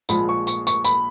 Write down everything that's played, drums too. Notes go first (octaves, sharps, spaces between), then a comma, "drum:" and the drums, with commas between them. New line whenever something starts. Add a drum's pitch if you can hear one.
A#1 A#2 F3 G#3 B5, drum: tambourine
C#6
C#6, drum: tambourine
C#6, drum: tambourine
B5, drum: tambourine